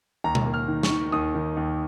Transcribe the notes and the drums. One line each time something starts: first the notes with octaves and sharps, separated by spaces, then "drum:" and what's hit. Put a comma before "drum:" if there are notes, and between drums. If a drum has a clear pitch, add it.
D#2 A#5
drum: tom B2
A#3
F6
D#3
C#6, drum: snare
D#3
D#2 D#6
D#3
D#2